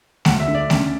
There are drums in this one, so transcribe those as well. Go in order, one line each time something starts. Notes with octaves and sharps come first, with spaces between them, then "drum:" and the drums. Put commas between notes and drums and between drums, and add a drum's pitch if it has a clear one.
D2 F#5, drum: snare A3
E5
D3
D5
C#4, drum: snare A3